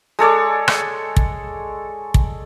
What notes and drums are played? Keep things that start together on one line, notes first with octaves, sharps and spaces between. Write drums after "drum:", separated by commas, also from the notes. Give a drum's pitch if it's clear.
G#3 A4 C#5 D5
drum: rim click
drum: kick
drum: kick